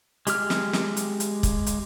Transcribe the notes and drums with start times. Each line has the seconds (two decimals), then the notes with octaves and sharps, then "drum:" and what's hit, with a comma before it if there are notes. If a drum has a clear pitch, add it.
0.27 G#3 G4 F6, drum: hi-hat
0.50 drum: snare
0.73 drum: snare
0.97 drum: hi-hat
1.20 drum: hi-hat
1.43 drum: kick, hi-hat
1.66 drum: hi-hat